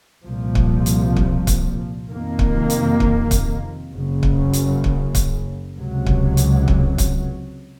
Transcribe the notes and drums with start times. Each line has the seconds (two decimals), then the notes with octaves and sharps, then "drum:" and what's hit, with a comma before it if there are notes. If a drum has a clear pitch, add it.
0.25 C2 A#2 F3
0.55 drum: kick
0.86 drum: hi-hat
1.17 drum: kick
1.47 drum: kick, hi-hat
2.09 F2 C3 D#3 A#3
2.39 drum: kick
2.70 drum: hi-hat
3.00 drum: kick
3.31 drum: kick, hi-hat
3.92 F#1 F#2 C#3
4.23 drum: kick
4.53 drum: hi-hat
4.84 drum: kick
5.15 drum: kick, hi-hat
5.75 C#2 C3 F#3
6.06 drum: kick
6.37 drum: hi-hat
6.68 drum: kick
6.98 drum: kick, hi-hat